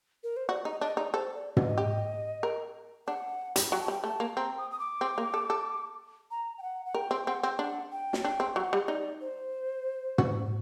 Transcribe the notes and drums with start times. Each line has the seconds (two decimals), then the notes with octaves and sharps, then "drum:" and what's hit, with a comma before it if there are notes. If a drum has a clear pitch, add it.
0.23 A#4
0.37 C5
0.49 F#4 D5
0.65 D#4 D#5
0.81 D4 D#5
0.97 D#4 D5
1.14 A4 C5
1.35 D5
1.57 D#5, drum: tom
1.78 G4
2.43 A#4
3.07 D4 F#5
3.56 G3, drum: hi-hat
3.72 F#3 G5
3.81 A5
3.88 G3
3.91 G5
4.04 A3 A5
4.20 A#3
4.36 C4 A#5
4.58 D#6
4.71 D#6
4.79 D6
5.01 C4
5.18 A#3
5.34 A4
5.50 A4
6.31 A#5
6.58 G5
6.63 F#5
6.86 F#5
6.94 A#4 G5
7.11 C4
7.27 C4 F#5
7.43 C4
7.59 D4 F#5
7.92 G5
8.13 drum: snare
8.24 D4 G5
8.40 C4
8.56 F#3 G5
8.60 F#5
8.73 G3
8.88 D#4 D5
9.21 C5
10.18 F#4, drum: tom